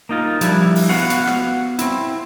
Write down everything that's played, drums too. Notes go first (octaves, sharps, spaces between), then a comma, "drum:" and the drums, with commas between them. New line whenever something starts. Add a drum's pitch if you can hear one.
A#3 D#4 F4
F3 G3 D4 E4, drum: hi-hat
drum: open hi-hat
B3 F#4 F5 F#5
drum: hi-hat
drum: rim click
C4 E4, drum: hi-hat